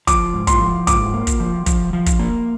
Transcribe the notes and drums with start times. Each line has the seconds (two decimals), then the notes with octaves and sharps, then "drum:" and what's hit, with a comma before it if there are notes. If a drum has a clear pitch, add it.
0.07 F3 D6, drum: kick, hi-hat
0.34 G#2
0.47 C6, drum: kick, hi-hat
0.61 F3
0.87 G#2 D6, drum: kick, hi-hat
1.13 A#3
1.27 drum: kick, hi-hat
1.40 F3
1.66 F3, drum: kick, hi-hat
1.93 F3
2.06 drum: kick, hi-hat
2.19 A#3